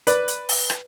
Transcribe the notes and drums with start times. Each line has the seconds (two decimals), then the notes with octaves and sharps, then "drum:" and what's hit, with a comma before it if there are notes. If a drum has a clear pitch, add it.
0.07 B4 D5, drum: hi-hat
0.28 drum: hi-hat
0.49 drum: open hi-hat
0.70 drum: rim click